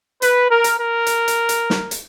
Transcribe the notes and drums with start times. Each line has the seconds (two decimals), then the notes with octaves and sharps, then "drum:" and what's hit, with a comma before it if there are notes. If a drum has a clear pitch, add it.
0.22 B4, drum: hi-hat
0.50 A#4
0.64 drum: hi-hat
0.78 A#4
1.06 drum: hi-hat
1.28 drum: hi-hat
1.49 drum: hi-hat
1.70 drum: snare
1.91 drum: hi-hat